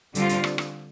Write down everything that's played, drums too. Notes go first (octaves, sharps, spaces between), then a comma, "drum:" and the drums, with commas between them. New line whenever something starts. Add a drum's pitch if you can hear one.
D3 G3 C4 F4, drum: hi-hat
drum: hi-hat
drum: rim click
drum: rim click